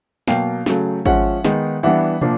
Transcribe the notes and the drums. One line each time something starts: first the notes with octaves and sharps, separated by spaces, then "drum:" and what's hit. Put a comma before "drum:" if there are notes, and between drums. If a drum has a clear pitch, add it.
B2 F#3 A#3 F5 G5, drum: snare
C#3 F#3 A3, drum: snare
F3 G#3 C#4 E5 F#5, drum: kick G#1
D#3 G#3 B3 D#4, drum: snare
E3 G3 B3 D4 E5 F#5
A#2 F3 A#3 D4, drum: tom